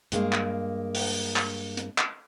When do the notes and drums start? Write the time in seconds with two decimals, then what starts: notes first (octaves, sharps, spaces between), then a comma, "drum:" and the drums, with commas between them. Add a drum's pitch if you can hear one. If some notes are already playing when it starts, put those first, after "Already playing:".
0.12 G2 G#3 A#3, drum: hi-hat
0.33 drum: clap
0.95 drum: open hi-hat
1.36 drum: clap
1.77 drum: hi-hat
1.98 drum: clap